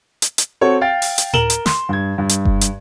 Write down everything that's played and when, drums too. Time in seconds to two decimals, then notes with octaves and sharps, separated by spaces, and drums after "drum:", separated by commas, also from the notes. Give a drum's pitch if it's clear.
0.22 drum: hi-hat
0.38 drum: hi-hat
0.61 C4 F#4 A4 C#5
0.81 F5 G5 A6
1.02 drum: open hi-hat
1.18 drum: hi-hat
1.33 A#4 E7 F#7 G7, drum: tom A2
1.50 drum: hi-hat
1.66 C6, drum: snare
1.89 G2 G#6
2.18 G2
2.29 drum: hi-hat
2.45 drum: kick F#1
2.61 drum: hi-hat